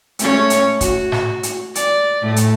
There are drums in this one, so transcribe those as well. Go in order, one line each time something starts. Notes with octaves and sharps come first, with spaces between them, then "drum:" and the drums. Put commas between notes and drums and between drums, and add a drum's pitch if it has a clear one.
A3 C#4 C#5, drum: hi-hat
drum: hi-hat
F#4, drum: kick, hi-hat
drum: snare G#2
drum: hi-hat
D5, drum: hi-hat
A2 A3
drum: hi-hat